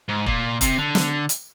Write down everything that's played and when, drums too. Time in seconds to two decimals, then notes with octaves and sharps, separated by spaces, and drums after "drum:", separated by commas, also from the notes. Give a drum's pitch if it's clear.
0.09 G#2
0.26 A#2, drum: kick
0.61 C3, drum: kick, hi-hat
0.78 D3
0.95 drum: snare
1.29 drum: hi-hat